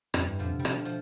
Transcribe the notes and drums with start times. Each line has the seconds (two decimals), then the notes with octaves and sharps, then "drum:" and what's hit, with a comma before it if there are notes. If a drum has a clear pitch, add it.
0.14 F2 E3 G3, drum: rim click
0.28 G2
0.39 F2 D3 F3
0.54 C3
0.59 G3
0.65 B2 F3 A3, drum: rim click
0.85 F3